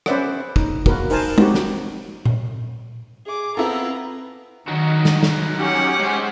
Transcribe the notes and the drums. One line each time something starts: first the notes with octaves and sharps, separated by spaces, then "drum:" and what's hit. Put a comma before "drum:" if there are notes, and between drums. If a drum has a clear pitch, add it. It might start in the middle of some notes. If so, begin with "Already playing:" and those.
C#4 B4 C5 D5 E5 F#5, drum: rim click
D#4, drum: kick
A#3 F#4 A#4 B4, drum: kick
D#4 A#4 C5 F5 G#5 A5, drum: open hi-hat
C4 D#4 F#4 G4, drum: tom
drum: snare
drum: tom A#2
G#4 D6
B3 C4 E4 F4 A4 A#5
D#3 F#3 D#4 F#4
drum: snare
drum: snare
C#4 G4 F#5
G#3 C5